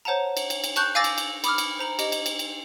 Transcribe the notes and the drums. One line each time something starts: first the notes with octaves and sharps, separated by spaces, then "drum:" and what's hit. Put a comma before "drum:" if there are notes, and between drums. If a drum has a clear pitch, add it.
C5 C#5 F#5 A5 A#5
drum: cymbal
drum: cymbal
drum: cymbal
A5 C#6 F#6 G6, drum: cymbal
F5 G#5 D6 E6 A6 A#6
drum: cymbal
drum: cymbal
B5 D6 D#6 F6, drum: cymbal
drum: cymbal
C5 A#5 F#7
G4 D#5, drum: cymbal
drum: cymbal
drum: cymbal
drum: cymbal